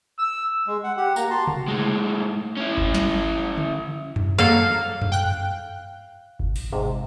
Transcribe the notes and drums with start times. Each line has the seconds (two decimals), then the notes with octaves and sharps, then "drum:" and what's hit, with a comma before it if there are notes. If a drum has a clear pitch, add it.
0.19 E6
0.67 G#3
0.84 F#5
0.97 G4 F#5
1.16 A#3 A#5, drum: tambourine
1.30 F#4 A5 C6
1.47 drum: tom C3
1.68 A2 G#3
2.57 C#4 E4
2.77 drum: kick G1
2.94 drum: snare
3.57 drum: tom C#3
4.16 drum: tom F#2
4.38 F#3 A#3 A4 F5
5.01 drum: tom F#2
5.12 G5 F#6
6.39 drum: kick G1
6.56 drum: open hi-hat
6.72 G#2 C3